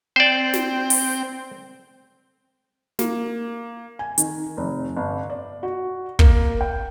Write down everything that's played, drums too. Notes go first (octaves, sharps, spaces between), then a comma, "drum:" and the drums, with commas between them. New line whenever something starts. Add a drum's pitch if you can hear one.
C4 C5 D5 G5
drum: snare
drum: open hi-hat
A#3, drum: snare
G#5
D#3, drum: hi-hat
F1
G1
D5
F#4
A#3, drum: kick
G5